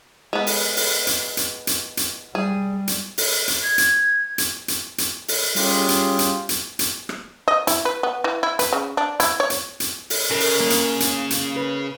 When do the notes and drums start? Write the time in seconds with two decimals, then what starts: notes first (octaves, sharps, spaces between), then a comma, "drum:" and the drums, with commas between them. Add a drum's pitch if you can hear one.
0.33 G#3 B3
0.47 drum: open hi-hat
0.77 drum: open hi-hat
1.07 drum: hi-hat
1.37 drum: hi-hat
1.67 drum: hi-hat
1.97 drum: hi-hat
2.35 G3 G#4
2.87 drum: hi-hat
3.18 drum: open hi-hat
3.48 drum: hi-hat
3.64 G#6
3.78 drum: hi-hat
4.38 drum: hi-hat
4.68 drum: hi-hat
4.98 drum: hi-hat
5.28 drum: open hi-hat
5.56 G3 C#4 F4 G4 G#4, drum: open hi-hat
5.89 drum: hi-hat
6.19 drum: hi-hat
6.49 drum: hi-hat
6.79 drum: hi-hat
7.09 drum: rim click
7.48 D#5
7.67 E4, drum: hi-hat
7.85 B4
8.03 B3
8.24 E3
8.43 E4
8.59 B4, drum: hi-hat
8.73 C#3
8.97 D4
9.20 E4, drum: hi-hat
9.40 C#5
9.50 drum: hi-hat
9.80 drum: hi-hat
10.10 drum: open hi-hat
10.31 C#3 A#4
10.40 drum: open hi-hat
10.60 A#3
10.70 drum: hi-hat
11.00 drum: hi-hat
11.30 drum: hi-hat
11.56 B4